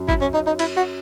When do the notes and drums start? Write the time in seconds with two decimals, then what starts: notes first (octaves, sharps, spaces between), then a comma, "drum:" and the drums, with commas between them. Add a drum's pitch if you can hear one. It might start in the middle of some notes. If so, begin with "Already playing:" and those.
Already playing: F#2
0.09 E4, drum: kick
0.21 C#4
0.34 D#4
0.47 D#4
0.59 E4, drum: cymbal
0.77 F#4